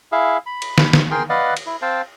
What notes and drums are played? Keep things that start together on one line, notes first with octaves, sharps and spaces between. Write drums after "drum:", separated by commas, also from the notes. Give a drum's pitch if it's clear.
E4 G#4 E5 F5
B5
drum: cymbal
drum: snare
drum: snare
G#4 A#4 G5 C6
B4 D5 D#5 F5 F#5
drum: cymbal
E4
C4 C5 F5 G5 A5